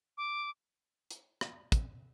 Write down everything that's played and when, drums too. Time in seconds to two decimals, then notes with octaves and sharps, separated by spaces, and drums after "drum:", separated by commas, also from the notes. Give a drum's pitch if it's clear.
0.18 D6
1.11 drum: hi-hat
1.41 drum: rim click
1.72 drum: kick, hi-hat